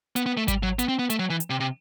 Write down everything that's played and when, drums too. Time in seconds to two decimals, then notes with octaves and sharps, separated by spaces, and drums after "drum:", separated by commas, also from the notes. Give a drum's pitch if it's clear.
0.16 B3, drum: hi-hat
0.26 B3
0.37 A3
0.48 G3, drum: kick G#1, hi-hat
0.63 F#3
0.79 B3, drum: hi-hat
0.88 C4
0.99 B3
1.10 A3, drum: hi-hat
1.19 F#3
1.30 E3
1.40 drum: hi-hat
1.50 C3
1.60 C3